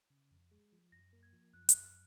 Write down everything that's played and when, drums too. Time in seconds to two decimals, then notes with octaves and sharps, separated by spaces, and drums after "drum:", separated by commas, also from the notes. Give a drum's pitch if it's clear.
0.10 C#3
0.31 F2
0.51 G#3
0.72 F3
0.92 F#2 A#6
1.13 A#3
1.23 G#6
1.33 F3
1.53 F#2 F#6
1.69 F#2 F#6, drum: hi-hat
1.84 F6